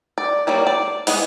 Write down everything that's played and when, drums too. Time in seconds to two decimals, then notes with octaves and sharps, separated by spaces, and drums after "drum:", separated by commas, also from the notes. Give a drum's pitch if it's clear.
0.18 D5
0.47 F#3 G3 A#3 D5
0.67 D5
1.07 E3 G#3 B3, drum: open hi-hat